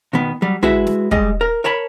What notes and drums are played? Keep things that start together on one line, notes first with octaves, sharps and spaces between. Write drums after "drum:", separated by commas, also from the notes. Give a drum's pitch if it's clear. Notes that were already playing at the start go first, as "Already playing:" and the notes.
B2 D#3 B3
F#3 G3
G#3 E4 F#4 B4 E5, drum: tom
drum: snare
G3 G#3 D#5, drum: kick
A#4
A#4 C#5 A5 B5